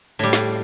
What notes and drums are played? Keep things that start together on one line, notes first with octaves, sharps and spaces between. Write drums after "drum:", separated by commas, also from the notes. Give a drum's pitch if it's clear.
A2 G3
drum: snare